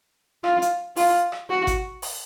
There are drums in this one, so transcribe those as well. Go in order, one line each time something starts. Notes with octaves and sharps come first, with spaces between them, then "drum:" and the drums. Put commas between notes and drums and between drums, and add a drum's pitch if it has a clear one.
F4, drum: rim click
drum: hi-hat
F4, drum: open hi-hat
drum: rim click
F#4
drum: kick G#1, hi-hat
drum: open hi-hat